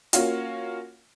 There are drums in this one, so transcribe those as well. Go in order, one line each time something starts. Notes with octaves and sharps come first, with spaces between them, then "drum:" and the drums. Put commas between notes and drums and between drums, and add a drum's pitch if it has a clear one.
A#3 C#4 F4 F#4, drum: hi-hat